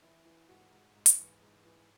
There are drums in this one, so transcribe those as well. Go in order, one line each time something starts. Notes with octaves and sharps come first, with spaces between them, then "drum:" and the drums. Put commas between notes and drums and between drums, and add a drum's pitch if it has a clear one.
E3 E4
E3
G#2 F#4
G#2
G#2
drum: hi-hat
E3
G#2
E3